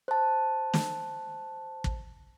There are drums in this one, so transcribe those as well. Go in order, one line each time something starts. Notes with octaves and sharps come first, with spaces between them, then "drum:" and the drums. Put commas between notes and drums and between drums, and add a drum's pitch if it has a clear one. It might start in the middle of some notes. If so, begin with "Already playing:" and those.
C5 A5
drum: snare
drum: kick